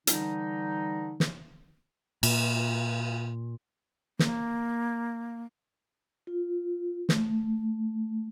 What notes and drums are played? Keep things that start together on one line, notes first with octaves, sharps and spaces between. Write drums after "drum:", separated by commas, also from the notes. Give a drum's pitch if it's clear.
D3 E3 G3 D#4, drum: hi-hat
drum: snare
A#2, drum: cymbal
A#3, drum: snare
F4
A3, drum: snare